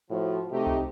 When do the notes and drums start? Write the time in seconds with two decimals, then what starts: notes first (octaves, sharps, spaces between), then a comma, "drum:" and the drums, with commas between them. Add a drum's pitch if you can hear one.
0.10 A2 F3 F#4
0.51 C3 A3 D#4 G4
0.67 drum: tom C2